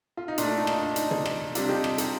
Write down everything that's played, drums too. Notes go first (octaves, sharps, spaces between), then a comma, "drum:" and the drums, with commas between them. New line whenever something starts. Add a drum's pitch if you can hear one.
F4
D#4
A#2 A3 D4, drum: hi-hat
D#4
drum: rim click
D4
D#4, drum: hi-hat
drum: tom
drum: rim click
C3 G3 D4 F4, drum: hi-hat
D#4 G4
drum: rim click
D#4 G4, drum: hi-hat